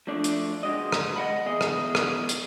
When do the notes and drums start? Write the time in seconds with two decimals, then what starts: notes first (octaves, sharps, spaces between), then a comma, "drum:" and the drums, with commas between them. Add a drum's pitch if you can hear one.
0.07 F3 A3 D4 D5
0.24 drum: hi-hat
0.63 C#2 G#3 F#4 D5 D#5
0.92 drum: rim click
1.16 D#5 F#5 B5
1.46 E2 G#4 D#5
1.61 drum: rim click
1.95 drum: rim click
2.29 drum: hi-hat